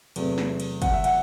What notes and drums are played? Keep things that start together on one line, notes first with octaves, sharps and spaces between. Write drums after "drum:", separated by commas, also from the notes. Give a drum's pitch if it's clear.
E2 C3 F#3 A3, drum: cymbal
drum: snare
drum: cymbal
F#5, drum: kick, cymbal
E5
F#5, drum: cymbal